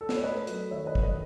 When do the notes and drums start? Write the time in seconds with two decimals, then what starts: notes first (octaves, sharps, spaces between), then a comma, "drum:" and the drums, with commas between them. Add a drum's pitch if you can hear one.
0.01 A4
0.09 B4, drum: snare
0.16 C#5
0.23 A3 B4 D#5
0.47 F#3, drum: hi-hat
0.71 D#3 C#5 E5
0.86 B4 D#5
0.95 D#3, drum: kick
1.03 B4 D#5